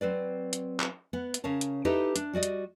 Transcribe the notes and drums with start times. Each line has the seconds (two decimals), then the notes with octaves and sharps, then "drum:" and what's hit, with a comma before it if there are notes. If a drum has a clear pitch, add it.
0.01 F#3 C4 B4 D5
0.53 drum: hi-hat
0.80 drum: clap
1.13 B3 F#5
1.34 drum: hi-hat
1.44 C#3 A#4 C#5 A5
1.61 drum: hi-hat
1.85 D#4 E4 G4 A4 B4 D#5
2.16 D4, drum: hi-hat
2.33 G3 F#4 D5 D#5
2.43 drum: hi-hat